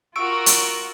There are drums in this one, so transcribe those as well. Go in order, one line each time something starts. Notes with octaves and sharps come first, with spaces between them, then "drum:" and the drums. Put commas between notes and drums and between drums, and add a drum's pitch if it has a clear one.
F4 F#4 A#4 C#6 E6 D7
drum: hi-hat